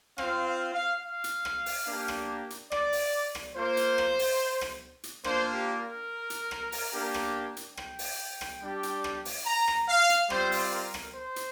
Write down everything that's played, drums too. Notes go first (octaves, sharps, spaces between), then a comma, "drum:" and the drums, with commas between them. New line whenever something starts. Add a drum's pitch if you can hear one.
C4 F4 F5, drum: rim click
F5
F5
F5
drum: hi-hat
drum: rim click
drum: open hi-hat
A#3 D4 G4
drum: rim click
drum: hi-hat
D5, drum: rim click
drum: open hi-hat
drum: rim click
A#3 F4 C5
drum: hi-hat
drum: rim click
drum: open hi-hat
drum: rim click
drum: hi-hat
A#3 D4 F4 C5, drum: rim click
G4
A#4
drum: hi-hat
drum: rim click
drum: open hi-hat
A#3 D4 G4
drum: rim click
drum: hi-hat
G5, drum: rim click
drum: open hi-hat
drum: rim click
G3 D4 G4
drum: hi-hat
drum: rim click
drum: open hi-hat
A#5
drum: rim click
F5
drum: hi-hat
G3 C4 F4 C5, drum: rim click
drum: open hi-hat
A#4
drum: rim click
C5
drum: hi-hat